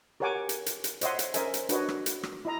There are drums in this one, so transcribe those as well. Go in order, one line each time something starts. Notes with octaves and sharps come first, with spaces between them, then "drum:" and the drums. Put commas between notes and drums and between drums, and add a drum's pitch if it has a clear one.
G4 A#4 C#5 F#5 G#5 D6
drum: hi-hat
drum: hi-hat
drum: hi-hat
C5 C#5 D#5 E5 F#5 C6, drum: hi-hat
drum: hi-hat
C#4 A#4 C5 D#5 E5 G#5, drum: hi-hat
drum: hi-hat
D4 F#4 B4 C#5 D#5, drum: hi-hat
drum: rim click
drum: hi-hat
drum: rim click
E4 D#5 A#5